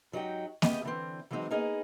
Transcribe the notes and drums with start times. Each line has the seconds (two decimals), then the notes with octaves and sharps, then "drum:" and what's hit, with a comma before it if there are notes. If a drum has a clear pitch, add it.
0.12 G#2 F#3 D#4 G4 G5
0.62 B3 G4 G#4 D#5 E5 G5, drum: snare A#3
0.83 D3 E3 C4
1.31 E3 F#3 G#3 C4 D#4
1.51 A#3 B3 D#4 G#4 D#5